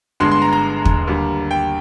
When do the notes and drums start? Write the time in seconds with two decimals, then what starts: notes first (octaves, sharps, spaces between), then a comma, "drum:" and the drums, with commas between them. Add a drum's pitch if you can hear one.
0.20 G1 G2 D3 G#3 C6
0.31 C6
0.42 A#5
0.53 A#5
0.85 drum: kick
1.07 D#2 D3 G3
1.51 G5